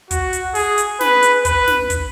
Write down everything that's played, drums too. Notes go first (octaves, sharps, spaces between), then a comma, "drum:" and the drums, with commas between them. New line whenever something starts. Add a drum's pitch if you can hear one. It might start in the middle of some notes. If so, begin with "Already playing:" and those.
F#4, drum: kick, hi-hat
drum: hi-hat
G#4, drum: open hi-hat
drum: hi-hat
B4, drum: snare
drum: hi-hat
B4, drum: kick, hi-hat
drum: snare
drum: kick, hi-hat